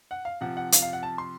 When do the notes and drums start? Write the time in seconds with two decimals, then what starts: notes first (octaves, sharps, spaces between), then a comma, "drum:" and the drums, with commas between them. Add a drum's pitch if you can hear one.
0.11 F#5
0.25 F5
0.41 C3 F3 F#5
0.57 F#5
0.72 F5, drum: hi-hat
0.82 F5
0.93 F#5
1.03 A5
1.18 C6